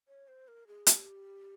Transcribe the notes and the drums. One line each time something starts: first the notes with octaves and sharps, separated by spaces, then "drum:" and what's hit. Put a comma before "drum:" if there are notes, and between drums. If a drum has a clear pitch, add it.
C#5
C5
A#4
G#4
G4, drum: hi-hat